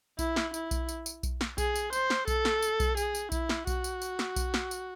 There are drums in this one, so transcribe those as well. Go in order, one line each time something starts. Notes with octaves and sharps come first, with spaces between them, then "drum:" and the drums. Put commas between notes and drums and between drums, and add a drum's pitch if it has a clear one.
E4, drum: kick B1, tambourine
drum: snare
E4, drum: tambourine
drum: kick B1, tambourine
drum: tambourine
drum: tambourine
drum: kick B1, tambourine
drum: snare
G#4, drum: kick B1, tambourine
drum: tambourine
C5, drum: tambourine
drum: snare
A4, drum: kick B1, tambourine
drum: snare
drum: tambourine
drum: kick B1, tambourine
G#4, drum: tambourine
drum: tambourine
E4, drum: kick B1, tambourine
drum: snare
F#4, drum: kick B1, tambourine
drum: tambourine
drum: tambourine
drum: snare
drum: kick B1, tambourine
drum: snare
drum: tambourine